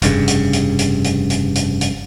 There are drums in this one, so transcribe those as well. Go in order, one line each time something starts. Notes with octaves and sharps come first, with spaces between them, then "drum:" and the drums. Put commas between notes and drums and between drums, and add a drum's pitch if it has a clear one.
F1 G2 C#3, drum: hi-hat
drum: hi-hat
drum: hi-hat
drum: hi-hat
drum: hi-hat
drum: hi-hat
drum: hi-hat
drum: hi-hat